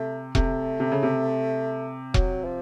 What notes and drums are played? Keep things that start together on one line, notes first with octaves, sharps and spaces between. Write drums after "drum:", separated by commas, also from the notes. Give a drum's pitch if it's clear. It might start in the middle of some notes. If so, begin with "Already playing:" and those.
Already playing: C3 A3
C3 A3, drum: kick E1
C3
C#3
C3
F#3, drum: kick E1
F3